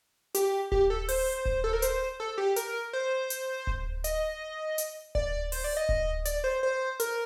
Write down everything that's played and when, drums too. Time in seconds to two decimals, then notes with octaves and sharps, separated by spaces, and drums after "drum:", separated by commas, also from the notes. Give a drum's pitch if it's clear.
0.35 G4, drum: hi-hat
0.72 G4, drum: kick D1
0.90 A4
1.08 C5, drum: open hi-hat
1.45 drum: kick D1
1.64 A4
1.73 A#4
1.82 C5, drum: hi-hat
2.20 A4
2.38 G4
2.56 A#4, drum: hi-hat
2.93 C5
3.30 drum: hi-hat
3.67 drum: kick D1
4.04 D#5, drum: hi-hat
4.78 drum: hi-hat
5.15 D5, drum: kick D1
5.52 C5, drum: open hi-hat
5.64 D5
5.77 D#5
5.89 drum: kick D1
6.25 D5, drum: hi-hat
6.44 C5
6.63 C5
7.00 A#4, drum: hi-hat